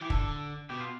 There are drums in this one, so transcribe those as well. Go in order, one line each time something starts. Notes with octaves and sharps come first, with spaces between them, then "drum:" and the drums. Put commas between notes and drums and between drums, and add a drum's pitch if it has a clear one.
E3 G4
D3 A4, drum: kick
B2 G4
F4